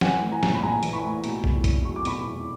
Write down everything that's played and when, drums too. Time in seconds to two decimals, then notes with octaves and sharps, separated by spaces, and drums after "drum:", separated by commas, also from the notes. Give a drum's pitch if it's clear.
0.01 E3 F#5 G#5, drum: snare
0.21 A2
0.32 G#5 A#5
0.43 A#1, drum: snare
0.55 B5
0.63 A#1 G#5 A#5
0.83 E3, drum: hi-hat
0.93 B5 C#6
1.04 A2
1.24 B2, drum: hi-hat
1.44 E2, drum: kick
1.64 F1, drum: kick, hi-hat
1.85 F#3 C#6
1.96 D6
2.05 B2 B5 C#6, drum: hi-hat
2.26 E2